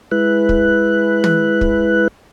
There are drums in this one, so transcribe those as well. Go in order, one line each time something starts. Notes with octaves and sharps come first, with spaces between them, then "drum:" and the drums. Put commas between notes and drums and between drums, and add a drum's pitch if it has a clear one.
G#3 E4 B4 F#6
drum: kick
drum: tom
drum: kick